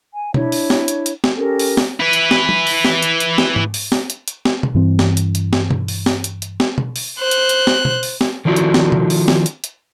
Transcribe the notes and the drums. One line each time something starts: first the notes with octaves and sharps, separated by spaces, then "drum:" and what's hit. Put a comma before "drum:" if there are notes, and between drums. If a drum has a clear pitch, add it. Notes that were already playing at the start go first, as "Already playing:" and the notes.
G#5
D4 E4 C#5, drum: tom
drum: open hi-hat
drum: snare
drum: hi-hat
drum: hi-hat
drum: snare
C#4 G4 A4 A#4
drum: open hi-hat
drum: snare
E4 B4
drum: hi-hat
drum: snare
drum: tom F#3
drum: open hi-hat
drum: snare
drum: hi-hat
drum: hi-hat
drum: snare
drum: tom G#2
drum: open hi-hat
drum: snare
drum: hi-hat
drum: hi-hat
drum: snare
drum: tom
G2 E3 C4
drum: snare
drum: hi-hat
drum: hi-hat
drum: snare
drum: tom
drum: open hi-hat
drum: snare
drum: hi-hat
drum: hi-hat
drum: snare
drum: tom
drum: open hi-hat
C5 F#6
drum: hi-hat
drum: hi-hat
drum: snare
drum: tom
drum: open hi-hat
drum: snare
D#3 F3 D4 E4 F#4 A4
drum: hi-hat
drum: snare
drum: tom
drum: open hi-hat
drum: snare
drum: hi-hat
drum: hi-hat